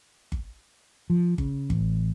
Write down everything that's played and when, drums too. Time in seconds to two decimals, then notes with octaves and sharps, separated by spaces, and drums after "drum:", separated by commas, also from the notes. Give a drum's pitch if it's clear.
0.32 drum: kick G1
1.10 F3
1.38 C#3, drum: kick G1
1.70 A1, drum: kick G1